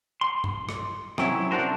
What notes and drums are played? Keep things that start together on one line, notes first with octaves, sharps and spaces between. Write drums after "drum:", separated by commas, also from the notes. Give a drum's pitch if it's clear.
C6
drum: tom G2
drum: rim click
C3 F#3 C#4 E4, drum: rim click
D4 F#4 A#4 C5